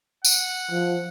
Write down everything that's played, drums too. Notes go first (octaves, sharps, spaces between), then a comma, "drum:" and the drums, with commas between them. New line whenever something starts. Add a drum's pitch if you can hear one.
F#5, drum: tambourine
F3